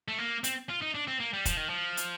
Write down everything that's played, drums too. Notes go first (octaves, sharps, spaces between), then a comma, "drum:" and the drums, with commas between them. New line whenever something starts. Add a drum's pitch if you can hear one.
A3
A#3
C4, drum: hi-hat
F4
D#4
D4
C4
A#3
G3
F3, drum: kick F1, hi-hat
D#3
F3
drum: hi-hat